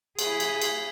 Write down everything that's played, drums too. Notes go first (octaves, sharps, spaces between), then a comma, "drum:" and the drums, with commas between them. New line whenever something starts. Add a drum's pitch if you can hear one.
E4 G#4, drum: cymbal
drum: cymbal
drum: cymbal